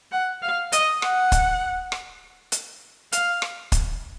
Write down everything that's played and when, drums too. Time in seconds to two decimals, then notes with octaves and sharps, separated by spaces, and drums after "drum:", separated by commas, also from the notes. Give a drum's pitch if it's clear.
0.12 F#5
0.42 F5
0.72 D#5, drum: hi-hat
1.02 F#5, drum: rim click
1.32 drum: kick, hi-hat
1.92 drum: rim click
2.52 drum: hi-hat
3.12 F5, drum: hi-hat
3.42 drum: rim click
3.72 drum: kick, hi-hat